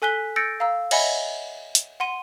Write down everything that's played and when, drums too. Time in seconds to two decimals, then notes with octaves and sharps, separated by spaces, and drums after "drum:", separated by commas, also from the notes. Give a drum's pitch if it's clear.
0.02 A4 G#5 F#6 B6 G7
0.36 E6 G6 A6 A#6 C#7 D7
0.60 F5 A#5 E6
0.91 C#5 D#5 E5 F#5 G#5 B5, drum: cymbal
1.75 drum: hi-hat
2.00 F#5 C6 D#7